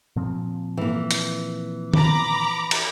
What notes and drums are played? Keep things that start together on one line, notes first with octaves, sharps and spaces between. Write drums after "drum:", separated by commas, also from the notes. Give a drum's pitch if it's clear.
A#2 F3 C4
E3 A#3
drum: hi-hat
A#5 B5 D6, drum: tom D#3
drum: cymbal